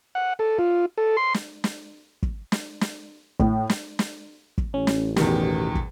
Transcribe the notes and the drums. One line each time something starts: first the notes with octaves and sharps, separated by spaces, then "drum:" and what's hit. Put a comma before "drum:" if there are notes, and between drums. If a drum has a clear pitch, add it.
F#5
A4
F4
A4
C6
drum: snare
drum: snare
drum: kick
drum: snare
drum: snare
A2, drum: kick
drum: snare
drum: snare
drum: kick
A1 C#4
drum: snare
E2 B2 D#3 G4, drum: snare
drum: kick